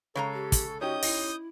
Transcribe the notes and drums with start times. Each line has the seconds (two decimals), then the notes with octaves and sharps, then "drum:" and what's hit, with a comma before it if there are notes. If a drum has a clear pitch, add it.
0.15 C#3 G#3 A4 C#5 A#5
0.34 G4
0.52 drum: kick, hi-hat
0.81 C#4 D#4 F#4 G4 D#6 G6
1.03 E4 D#5, drum: open hi-hat